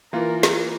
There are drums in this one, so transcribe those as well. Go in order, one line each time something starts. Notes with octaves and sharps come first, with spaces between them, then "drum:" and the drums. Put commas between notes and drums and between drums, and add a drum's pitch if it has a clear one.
E3 A#3 F4 A#4
drum: snare